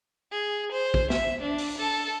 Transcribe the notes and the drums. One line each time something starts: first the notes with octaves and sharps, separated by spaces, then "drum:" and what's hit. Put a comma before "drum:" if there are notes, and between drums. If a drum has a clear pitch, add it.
G#4
C5
drum: kick
E5, drum: snare
D4
drum: open hi-hat
A4